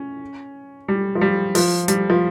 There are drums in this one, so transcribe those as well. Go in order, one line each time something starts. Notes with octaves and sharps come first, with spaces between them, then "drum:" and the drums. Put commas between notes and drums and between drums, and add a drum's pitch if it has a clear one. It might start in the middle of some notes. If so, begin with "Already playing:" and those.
Already playing: C#4
G3
F3
G3
F3, drum: open hi-hat
G3, drum: hi-hat
F3